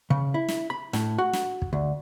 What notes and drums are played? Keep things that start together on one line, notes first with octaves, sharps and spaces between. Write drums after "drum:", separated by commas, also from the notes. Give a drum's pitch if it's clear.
C#3
E4
drum: snare
B5
A2, drum: snare
F#4
drum: snare
drum: kick
D2